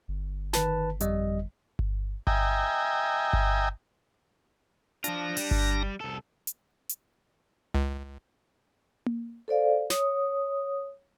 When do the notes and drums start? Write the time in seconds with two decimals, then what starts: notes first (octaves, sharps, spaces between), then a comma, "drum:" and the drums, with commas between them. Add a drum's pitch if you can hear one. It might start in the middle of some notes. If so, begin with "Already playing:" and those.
0.08 G1
0.53 D#3 B4 A5, drum: snare
1.00 F2 G3 D#5, drum: hi-hat
1.79 drum: kick G1
2.27 D#5 E5 G5 G#5 A#5, drum: kick G1
3.33 drum: kick G1
5.04 F3 D4 F4 A#6, drum: hi-hat
5.37 G3, drum: open hi-hat
5.51 drum: kick G1
6.01 C2 A4
6.47 drum: hi-hat
6.89 drum: hi-hat
7.74 C#2
9.06 drum: tom A#3
9.48 A4 C5 D5 F5
9.90 C#5 D#6, drum: snare